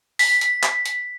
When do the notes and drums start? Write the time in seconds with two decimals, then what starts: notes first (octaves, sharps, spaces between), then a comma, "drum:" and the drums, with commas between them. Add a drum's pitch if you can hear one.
0.19 B6, drum: open hi-hat
0.41 drum: hi-hat
0.63 drum: clap
0.86 drum: hi-hat